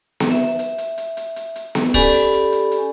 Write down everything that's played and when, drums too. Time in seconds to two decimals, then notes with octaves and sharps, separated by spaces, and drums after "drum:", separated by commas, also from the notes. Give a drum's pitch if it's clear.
0.20 drum: snare B3
0.31 E5
0.59 drum: hi-hat
0.78 drum: hi-hat
0.98 drum: hi-hat
1.17 drum: hi-hat
1.36 drum: hi-hat
1.56 drum: hi-hat
1.75 drum: snare B3
1.94 C#4 G4 A4 D5 G#5 B5, drum: kick, open hi-hat
2.14 drum: hi-hat
2.33 drum: hi-hat
2.52 drum: hi-hat
2.71 drum: hi-hat